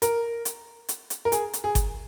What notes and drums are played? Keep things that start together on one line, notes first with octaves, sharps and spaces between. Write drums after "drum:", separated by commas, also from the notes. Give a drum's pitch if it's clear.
A#4, drum: hi-hat
drum: hi-hat
drum: hi-hat
drum: hi-hat
A#4
G#4, drum: hi-hat
drum: hi-hat
G#4
drum: kick G1, hi-hat